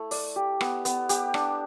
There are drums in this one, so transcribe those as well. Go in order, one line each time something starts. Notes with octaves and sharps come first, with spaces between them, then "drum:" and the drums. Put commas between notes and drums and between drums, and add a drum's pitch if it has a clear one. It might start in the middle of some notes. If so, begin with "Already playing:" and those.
Already playing: A3 E4
D5, drum: open hi-hat
G4
B3, drum: rim click
B3, drum: hi-hat
G4, drum: hi-hat
D4, drum: rim click